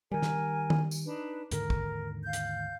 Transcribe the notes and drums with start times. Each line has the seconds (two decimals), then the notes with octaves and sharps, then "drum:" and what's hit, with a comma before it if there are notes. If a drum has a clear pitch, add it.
0.12 D#3 G3 A#4 G#5
0.22 drum: snare
0.70 drum: tom
0.91 drum: tambourine
1.06 D4 D#4 B4
1.51 D#2 G#2 D3 A#4, drum: hi-hat
1.70 drum: kick
2.24 F5 G6
2.33 drum: hi-hat